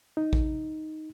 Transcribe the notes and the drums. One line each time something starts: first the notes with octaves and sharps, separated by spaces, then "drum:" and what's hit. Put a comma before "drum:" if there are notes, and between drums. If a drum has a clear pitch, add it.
D#4
drum: kick